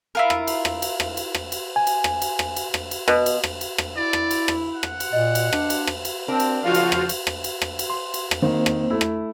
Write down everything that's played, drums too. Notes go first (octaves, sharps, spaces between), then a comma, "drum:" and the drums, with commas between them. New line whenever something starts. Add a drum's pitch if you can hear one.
E4 F4 A#4
drum: rim click
drum: cymbal
drum: rim click
drum: cymbal
drum: rim click
drum: cymbal
drum: rim click
drum: cymbal
G#5
drum: cymbal
drum: rim click
drum: cymbal
drum: rim click
drum: cymbal
drum: rim click
drum: cymbal
B2, drum: rim click
drum: cymbal
drum: rim click
drum: cymbal
drum: rim click
E4 D5
drum: rim click
drum: cymbal
drum: rim click
F#5
drum: rim click
drum: cymbal
A#2 D#5
drum: cymbal
D4, drum: rim click
drum: cymbal
drum: rim click
drum: cymbal
C4 D4 A#4
drum: cymbal
C#3 F3 F4 F#4 F5
drum: cymbal
drum: rim click
drum: cymbal
drum: rim click
drum: cymbal
drum: rim click
drum: cymbal
C6
drum: cymbal
drum: rim click
D#3 A#3 C4 C5
drum: rim click
A3 E4
drum: rim click